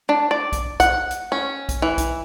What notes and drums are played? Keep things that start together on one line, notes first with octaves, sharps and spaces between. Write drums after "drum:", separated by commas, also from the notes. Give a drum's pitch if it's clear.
D4
D5
drum: kick, hi-hat
F#5, drum: kick, hi-hat
drum: hi-hat
C#4
drum: kick, hi-hat
E3
drum: kick, hi-hat